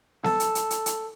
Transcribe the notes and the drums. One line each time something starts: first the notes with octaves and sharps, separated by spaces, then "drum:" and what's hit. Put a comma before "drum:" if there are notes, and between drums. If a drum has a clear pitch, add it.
A4, drum: snare B3
drum: hi-hat
drum: hi-hat
drum: hi-hat
drum: hi-hat